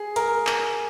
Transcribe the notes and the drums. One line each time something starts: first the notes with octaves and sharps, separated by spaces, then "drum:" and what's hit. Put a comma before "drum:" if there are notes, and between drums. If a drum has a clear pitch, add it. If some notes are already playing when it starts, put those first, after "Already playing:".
Already playing: G#4
A#4, drum: hi-hat
drum: clap